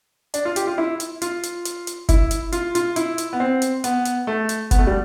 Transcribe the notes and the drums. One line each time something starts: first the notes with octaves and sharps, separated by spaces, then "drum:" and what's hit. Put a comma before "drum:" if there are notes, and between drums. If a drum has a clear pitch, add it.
D4, drum: hi-hat
F4
G4, drum: hi-hat
F4
E4
drum: hi-hat
F4, drum: hi-hat
drum: hi-hat
drum: hi-hat
drum: hi-hat
E4, drum: kick F#1, hi-hat
drum: hi-hat
F4, drum: hi-hat
F4, drum: hi-hat
E4, drum: hi-hat
drum: hi-hat
B3
C4
drum: hi-hat
B3, drum: hi-hat
drum: hi-hat
A3
drum: hi-hat
B3, drum: kick F#1, hi-hat
A3
G3